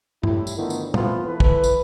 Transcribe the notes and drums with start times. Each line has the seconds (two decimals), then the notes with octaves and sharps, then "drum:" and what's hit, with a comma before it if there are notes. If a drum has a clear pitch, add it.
0.23 A2 G3 E4, drum: tom
0.47 drum: tambourine
0.57 D3 D#3 F3 A3 B3
0.70 drum: tambourine
0.94 E3 A3 B3 C4 F4, drum: tom
1.26 E3 A4 B4
1.40 drum: kick
1.64 drum: tambourine